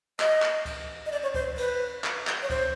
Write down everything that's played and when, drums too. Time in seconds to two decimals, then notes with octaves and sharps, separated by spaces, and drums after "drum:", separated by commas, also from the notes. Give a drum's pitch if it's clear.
0.20 D#5, drum: clap
0.42 drum: clap
0.65 drum: kick C#2, cymbal
1.06 D#5
1.12 D5, drum: cymbal
1.23 C#5
1.34 C5, drum: kick C#2
1.58 B4, drum: cymbal
2.04 drum: clap
2.27 drum: clap
2.42 C#5
2.50 C5, drum: kick C#2, cymbal